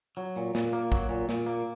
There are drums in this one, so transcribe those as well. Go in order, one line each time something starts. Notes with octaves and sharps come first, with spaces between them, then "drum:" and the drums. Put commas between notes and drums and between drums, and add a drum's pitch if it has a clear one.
F#3
A#2
A#2, drum: snare
A#3
F#3, drum: kick
A#2
A#2, drum: snare
A#3